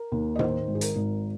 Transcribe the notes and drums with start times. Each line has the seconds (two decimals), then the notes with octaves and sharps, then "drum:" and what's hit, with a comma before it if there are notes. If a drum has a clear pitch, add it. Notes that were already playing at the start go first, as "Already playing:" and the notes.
Already playing: A#4
0.12 D#2
0.36 D#5
0.39 D#3 C5, drum: tom A2
0.68 G#1
0.75 G#4
0.81 A#4, drum: hi-hat
0.96 G#1